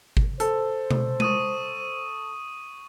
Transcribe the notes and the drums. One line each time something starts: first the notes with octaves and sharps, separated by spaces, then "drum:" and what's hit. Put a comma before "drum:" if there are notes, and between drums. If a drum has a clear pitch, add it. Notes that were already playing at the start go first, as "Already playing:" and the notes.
drum: kick G1
A4 C5, drum: hi-hat
drum: tom B2
C#6 D#6 D#7, drum: tom G#3